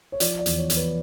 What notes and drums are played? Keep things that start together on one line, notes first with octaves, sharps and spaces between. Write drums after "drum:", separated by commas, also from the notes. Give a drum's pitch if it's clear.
C#5
F3 D5, drum: hi-hat
D5
E2, drum: hi-hat
C#5
E2, drum: hi-hat
B4